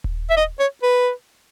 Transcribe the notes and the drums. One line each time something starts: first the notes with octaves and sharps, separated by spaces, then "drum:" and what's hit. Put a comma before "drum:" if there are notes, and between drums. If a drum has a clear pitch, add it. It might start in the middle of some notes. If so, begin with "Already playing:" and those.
drum: kick D#1
E5
D#5
C#5
B4